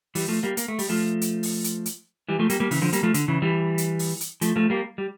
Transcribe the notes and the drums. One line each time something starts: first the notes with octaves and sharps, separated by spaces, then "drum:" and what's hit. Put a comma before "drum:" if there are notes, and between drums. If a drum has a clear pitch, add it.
E3 G3, drum: open hi-hat
F3 A3
G3 A#3
A#3, drum: hi-hat
A3
G3, drum: open hi-hat
F3 A3
drum: hi-hat
drum: open hi-hat
drum: hi-hat
drum: hi-hat
E3 G3
F3 A3
G3 A#3, drum: hi-hat
G3 A#3
C#3 E3, drum: open hi-hat
D3 F3
G3 A#3, drum: hi-hat
F3 A3
D3, drum: hi-hat
C#3 E3
E3 G3
drum: hi-hat
drum: open hi-hat
drum: hi-hat
F3 A3, drum: hi-hat
F3 A3
G3 A#3
G3